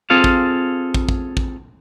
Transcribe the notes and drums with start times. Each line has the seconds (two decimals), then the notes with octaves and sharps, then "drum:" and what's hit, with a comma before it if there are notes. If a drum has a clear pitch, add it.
0.10 C4 F4 G#4 A4 F5
0.24 drum: kick
0.94 drum: kick
1.09 drum: kick
1.37 drum: kick